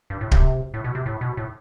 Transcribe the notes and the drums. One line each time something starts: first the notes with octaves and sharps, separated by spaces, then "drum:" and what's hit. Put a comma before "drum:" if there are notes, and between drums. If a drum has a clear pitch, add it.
G2
A2
C3, drum: kick D1
A2
B2
C3
A2
B2
A2